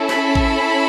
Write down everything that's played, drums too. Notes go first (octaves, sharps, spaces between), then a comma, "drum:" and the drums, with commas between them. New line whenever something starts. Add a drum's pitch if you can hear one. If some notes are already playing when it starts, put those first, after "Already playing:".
Already playing: C#4 E4 A4
B5, drum: snare
drum: kick A1